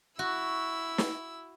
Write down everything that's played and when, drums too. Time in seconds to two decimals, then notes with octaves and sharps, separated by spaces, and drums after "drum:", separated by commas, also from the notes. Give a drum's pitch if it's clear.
0.19 E4 F#4 E6
0.98 drum: snare